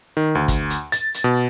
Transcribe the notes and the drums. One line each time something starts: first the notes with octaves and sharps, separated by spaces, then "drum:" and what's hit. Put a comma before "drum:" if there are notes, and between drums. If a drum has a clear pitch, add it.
D#3
D2
drum: kick, hi-hat
drum: hi-hat
A6, drum: hi-hat
drum: hi-hat
B2